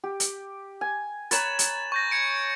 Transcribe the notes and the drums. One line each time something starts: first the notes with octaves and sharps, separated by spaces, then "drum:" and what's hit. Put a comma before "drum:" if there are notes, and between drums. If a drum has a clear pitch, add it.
G4
drum: hi-hat
G#5
B4 C#5 A#5 A6 E7 F#7, drum: hi-hat
drum: hi-hat
C#6 G6 A#6
G#6 C#7 D7